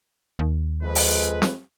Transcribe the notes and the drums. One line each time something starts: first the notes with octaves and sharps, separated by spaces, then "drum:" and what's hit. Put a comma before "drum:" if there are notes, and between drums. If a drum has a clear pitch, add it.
D#2
F2 G#3 B4
drum: open hi-hat
drum: snare